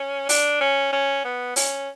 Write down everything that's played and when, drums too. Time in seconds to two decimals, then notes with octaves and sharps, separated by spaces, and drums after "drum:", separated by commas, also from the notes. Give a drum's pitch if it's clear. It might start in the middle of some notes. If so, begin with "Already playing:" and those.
Already playing: C#4
0.29 D4, drum: open hi-hat
0.61 C#4
0.92 C#4
1.25 B3
1.56 C#4, drum: open hi-hat